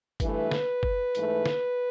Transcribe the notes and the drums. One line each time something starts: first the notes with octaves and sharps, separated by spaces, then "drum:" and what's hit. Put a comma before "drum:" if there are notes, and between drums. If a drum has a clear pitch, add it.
G2 E3 A3 B4, drum: kick G1, hi-hat
drum: snare
drum: kick G1
G#2 E3 A3, drum: hi-hat
drum: snare